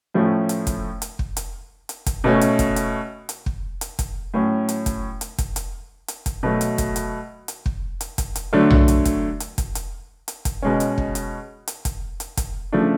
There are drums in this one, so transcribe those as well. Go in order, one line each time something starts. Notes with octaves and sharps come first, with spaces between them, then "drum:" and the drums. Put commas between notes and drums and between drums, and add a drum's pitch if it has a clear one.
A2 F3 A3 C#4
drum: hi-hat
drum: kick, hi-hat
drum: hi-hat
drum: kick
drum: hi-hat
drum: hi-hat
drum: kick, hi-hat
B2 A3 C#4
drum: hi-hat
drum: kick, hi-hat
drum: hi-hat
drum: hi-hat
drum: kick
drum: hi-hat
drum: kick, hi-hat
A2 F#3 C#4
drum: hi-hat
drum: kick, hi-hat
drum: hi-hat
drum: kick, hi-hat
drum: hi-hat
drum: hi-hat
drum: kick, hi-hat
B2 F#3 A3
drum: hi-hat
drum: kick, hi-hat
drum: hi-hat
drum: hi-hat
drum: kick
drum: hi-hat
drum: kick, hi-hat
drum: hi-hat
D3 F#3 A3 D4
drum: tom B1
drum: hi-hat
drum: kick, hi-hat
drum: hi-hat
drum: kick, hi-hat
drum: hi-hat
drum: hi-hat
drum: kick, hi-hat
B2 G#3 C#4
drum: hi-hat
drum: kick
drum: hi-hat
drum: hi-hat
drum: kick, hi-hat
drum: hi-hat
drum: kick, hi-hat
C#3 F3 A3 D4